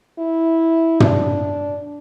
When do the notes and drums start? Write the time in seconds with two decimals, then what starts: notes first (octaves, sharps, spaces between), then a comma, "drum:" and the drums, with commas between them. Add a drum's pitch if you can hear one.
0.19 E4
1.00 D4, drum: tom